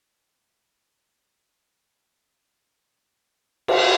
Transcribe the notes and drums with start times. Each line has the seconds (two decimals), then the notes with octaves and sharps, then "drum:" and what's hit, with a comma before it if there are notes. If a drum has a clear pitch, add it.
0.16 C2 A#2 A#3
1.22 A#3
1.76 G3
2.29 A#1 A#2 C4
2.82 G3
3.35 F3
3.68 drum: cymbal